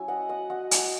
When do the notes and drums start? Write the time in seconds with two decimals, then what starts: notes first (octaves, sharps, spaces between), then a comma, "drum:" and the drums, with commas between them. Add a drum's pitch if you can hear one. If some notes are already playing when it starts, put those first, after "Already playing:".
Already playing: F#3 C#4 E4 G#5
0.08 D#5 F#5
0.29 D#5 F#5
0.50 D#5 F#5
0.71 drum: hi-hat